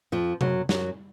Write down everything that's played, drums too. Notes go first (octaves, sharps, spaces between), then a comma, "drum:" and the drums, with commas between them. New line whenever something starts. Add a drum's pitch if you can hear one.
F2 F3
F#2 F#3, drum: tom C3
F#2 F#3, drum: snare